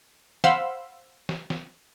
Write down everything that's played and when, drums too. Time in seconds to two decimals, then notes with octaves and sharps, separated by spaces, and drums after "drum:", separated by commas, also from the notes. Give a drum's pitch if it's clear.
0.44 C5 F5 F#5 B5 C6 E6, drum: snare
1.29 drum: snare
1.50 drum: snare